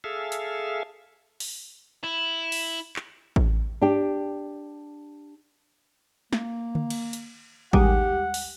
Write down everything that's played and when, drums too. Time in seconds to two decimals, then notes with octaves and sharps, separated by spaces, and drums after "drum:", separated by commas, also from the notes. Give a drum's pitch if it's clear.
0.04 G#4 A4 E5 F5
0.32 drum: hi-hat
1.40 drum: open hi-hat
2.04 E4
2.52 drum: open hi-hat
2.96 drum: clap
3.36 drum: kick A1
3.82 D4 G4
6.33 A#3, drum: snare
6.75 drum: tom D3
6.90 drum: cymbal
7.13 drum: hi-hat
7.73 D#2 G3 G#3 G4 F#5, drum: kick A1
8.34 drum: open hi-hat